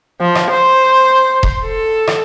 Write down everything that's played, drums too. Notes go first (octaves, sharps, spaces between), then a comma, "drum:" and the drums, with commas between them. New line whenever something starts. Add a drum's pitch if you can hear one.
F3
drum: rim click
C5
drum: kick E1
A4
drum: rim click